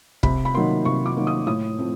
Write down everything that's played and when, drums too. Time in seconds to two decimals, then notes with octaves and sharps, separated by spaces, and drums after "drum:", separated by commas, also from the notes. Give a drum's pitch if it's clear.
0.23 C3 B5, drum: kick
0.45 B5
0.55 D#3 F#3 A#3 C6
0.85 C3 C#6
1.06 D6
1.17 D#3 F#3 A#3
1.27 D#6
1.46 A2 D#6
1.79 F3 A3 C4